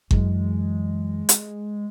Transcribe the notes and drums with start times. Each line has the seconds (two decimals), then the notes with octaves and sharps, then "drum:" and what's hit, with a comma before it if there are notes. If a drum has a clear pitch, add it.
0.11 F#2 E3 G#3, drum: kick G1
1.29 drum: hi-hat